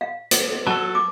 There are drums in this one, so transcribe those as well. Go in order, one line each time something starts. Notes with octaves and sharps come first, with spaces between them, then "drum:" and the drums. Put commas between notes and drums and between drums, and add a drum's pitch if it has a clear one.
F5
drum: hi-hat
F#3 A4 A5
D6